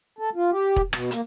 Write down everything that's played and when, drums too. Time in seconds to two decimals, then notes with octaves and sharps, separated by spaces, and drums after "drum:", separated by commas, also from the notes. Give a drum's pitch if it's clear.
0.19 A4
0.35 F4
0.51 G4
0.76 drum: kick E1
0.93 B2, drum: rim click
1.11 A#3, drum: hi-hat